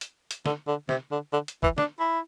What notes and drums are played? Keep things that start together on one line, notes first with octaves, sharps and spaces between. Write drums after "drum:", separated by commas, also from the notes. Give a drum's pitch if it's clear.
drum: hi-hat
drum: hi-hat
D3, drum: snare
D3
C3, drum: snare
D3
D3
drum: hi-hat
E3, drum: kick F#1
D4, drum: snare
E4